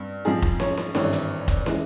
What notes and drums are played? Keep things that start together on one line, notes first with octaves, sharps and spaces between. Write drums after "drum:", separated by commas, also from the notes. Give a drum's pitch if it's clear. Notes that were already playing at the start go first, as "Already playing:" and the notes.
Already playing: G2 C4
G#2 F3 C4 G#4
drum: kick
C#5, drum: snare
drum: snare
G#1 G2 E3 C#5, drum: snare
drum: hi-hat
drum: kick, hi-hat
E3 G#3, drum: snare